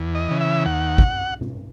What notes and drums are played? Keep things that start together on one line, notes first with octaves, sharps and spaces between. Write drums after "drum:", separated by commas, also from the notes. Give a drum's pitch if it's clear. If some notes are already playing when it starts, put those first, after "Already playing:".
Already playing: E2
D#5
C#3 E3
E5
D#2 F#5
drum: kick
drum: tom B2